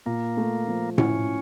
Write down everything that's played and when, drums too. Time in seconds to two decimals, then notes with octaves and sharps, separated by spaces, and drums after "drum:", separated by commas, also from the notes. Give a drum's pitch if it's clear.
0.06 A#2 A#3
0.37 A3
0.68 F3
0.98 C#4 E4, drum: tom A2